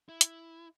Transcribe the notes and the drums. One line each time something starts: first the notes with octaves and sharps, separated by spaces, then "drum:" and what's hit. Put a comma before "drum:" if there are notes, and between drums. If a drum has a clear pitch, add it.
E4
drum: hi-hat